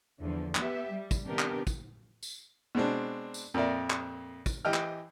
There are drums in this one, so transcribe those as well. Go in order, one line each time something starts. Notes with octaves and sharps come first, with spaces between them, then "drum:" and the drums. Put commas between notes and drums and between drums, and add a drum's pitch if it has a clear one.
E2 D3 F3
B3 G4 E5, drum: clap
G3
drum: kick, tambourine
C3 D#3 B3 D4 G4 A#4
drum: clap
drum: kick, tambourine
drum: tambourine
B2 G#3 C4 D4
drum: tambourine
F2 A#2 A#4 D5 E5
drum: clap
drum: kick, tambourine
E3 G4 D#5 G5 F6
drum: clap